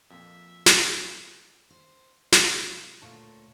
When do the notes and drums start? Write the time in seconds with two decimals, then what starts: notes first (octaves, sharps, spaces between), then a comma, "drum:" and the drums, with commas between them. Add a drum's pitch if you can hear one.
0.11 F2 A#2 E5
0.66 A3 B3 G#4, drum: snare
1.70 C5
2.32 C3 F3 G#3, drum: snare
3.01 D2 A#2 A3 C#5 A5